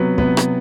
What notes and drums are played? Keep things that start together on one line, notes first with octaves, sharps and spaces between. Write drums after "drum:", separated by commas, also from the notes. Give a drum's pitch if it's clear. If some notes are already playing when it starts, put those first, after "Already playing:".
Already playing: C3 F#3 B3 B4
C3 B3 B4, drum: kick
drum: rim click